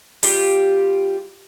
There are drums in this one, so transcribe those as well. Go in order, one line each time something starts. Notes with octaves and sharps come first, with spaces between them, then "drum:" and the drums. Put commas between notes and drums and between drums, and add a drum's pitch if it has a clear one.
G3 F4 G4, drum: open hi-hat